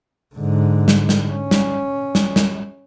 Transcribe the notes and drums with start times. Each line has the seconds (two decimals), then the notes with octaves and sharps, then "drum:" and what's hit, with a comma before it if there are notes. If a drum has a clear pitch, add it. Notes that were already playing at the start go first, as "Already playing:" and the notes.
0.36 G#2 D3
0.88 drum: snare
1.09 drum: snare
1.30 C#4
1.51 drum: snare
2.15 drum: snare
2.36 drum: snare